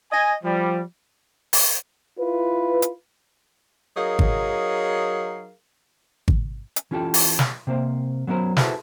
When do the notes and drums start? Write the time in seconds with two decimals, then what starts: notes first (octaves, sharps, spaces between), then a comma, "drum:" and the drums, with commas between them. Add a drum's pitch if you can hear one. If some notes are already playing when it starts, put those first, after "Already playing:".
0.11 D#5 G#5
0.44 F3 G3
1.53 drum: open hi-hat
2.18 E4 F4 B4
2.82 drum: hi-hat
3.96 F#3 D#4 G#4 A#4 F5
4.19 drum: kick G#1
6.28 drum: kick G#1
6.76 drum: hi-hat
6.91 E3 C#4 F4 G4 A4
7.14 drum: open hi-hat
7.39 drum: snare
7.67 C3 A#3 C5
8.27 F#3 B3 C#4 A#4 C5
8.57 E4 F#4 G#4 A4 B4 C5, drum: snare